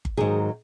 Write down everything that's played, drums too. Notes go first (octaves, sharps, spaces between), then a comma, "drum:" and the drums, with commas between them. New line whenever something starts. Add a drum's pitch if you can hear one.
drum: kick G1
G#2 D#3 F#3 G#4